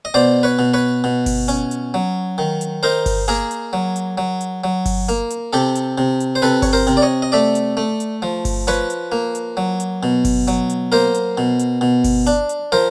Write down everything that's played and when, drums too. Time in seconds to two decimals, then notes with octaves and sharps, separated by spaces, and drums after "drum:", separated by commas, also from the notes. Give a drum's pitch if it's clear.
0.05 D#5
0.14 B2 C5 D5
0.43 B4 C#5
0.59 B2
0.74 B4 C#5
1.04 B2
1.26 drum: kick G1, open hi-hat
1.48 C#4, drum: hi-hat
1.71 drum: hi-hat
1.94 F#3
2.38 D#3
2.61 drum: hi-hat
2.83 D#4 A#4 C5
3.06 drum: kick G1, open hi-hat
3.28 A#3 G#4 A#4, drum: hi-hat
3.51 drum: hi-hat
3.73 F#3
3.96 drum: hi-hat
4.18 F#3
4.41 drum: hi-hat
4.64 F#3
4.86 drum: kick G1, open hi-hat
5.09 A#3, drum: hi-hat
5.30 drum: hi-hat
5.53 C3 G4 A4
5.75 drum: hi-hat
5.98 C3
6.20 drum: hi-hat
6.35 C5
6.42 C3 A4 B4
6.62 C#5, drum: kick G1, open hi-hat
6.73 A#4 C5
6.87 C3, drum: hi-hat
6.97 D5
7.02 C#5 D#5
7.22 D#5
7.32 A3 D5 E5
7.55 drum: hi-hat
7.77 A3
8.00 drum: hi-hat
8.22 F3
8.45 drum: kick G1, open hi-hat
8.67 F3 B4 C#5, drum: hi-hat
8.90 drum: hi-hat
9.12 A#3
9.35 drum: hi-hat
9.57 F#3
9.80 drum: hi-hat
10.03 B2
10.25 drum: kick G1, open hi-hat
10.48 F#3, drum: hi-hat
10.70 drum: hi-hat
10.92 A#3 A#4 C5
11.14 drum: hi-hat
11.38 B2
11.59 drum: hi-hat
11.81 B2
12.04 drum: kick G1, open hi-hat
12.27 D4, drum: hi-hat
12.49 drum: hi-hat
12.72 F3 A#4 C5